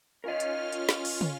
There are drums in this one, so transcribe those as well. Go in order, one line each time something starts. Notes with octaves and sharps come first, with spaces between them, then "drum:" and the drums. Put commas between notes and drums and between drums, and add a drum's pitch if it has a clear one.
C#4 F4 A#4 D#5 F6
drum: hi-hat
drum: hi-hat
drum: snare
drum: open hi-hat
drum: tom